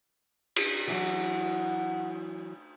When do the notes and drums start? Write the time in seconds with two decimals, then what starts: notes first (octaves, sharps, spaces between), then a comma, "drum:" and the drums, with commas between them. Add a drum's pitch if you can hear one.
0.56 drum: cymbal
0.88 E3 F#3 F#5